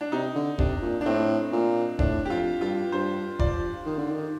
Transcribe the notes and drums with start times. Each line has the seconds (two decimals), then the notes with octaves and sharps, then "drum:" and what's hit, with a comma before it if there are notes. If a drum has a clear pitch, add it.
0.01 D4
0.12 C3 D#4
0.35 D3
0.59 C3 D4, drum: kick F1
0.82 A#2
1.01 D4
1.05 A2 C4
1.52 A#2
1.99 A2 D4, drum: kick F1
2.25 G4
2.30 F2 F4
2.61 G2 F4
2.92 G2 C5
3.39 F3 D5, drum: kick F1
3.86 D#3
3.98 D3
4.11 D#3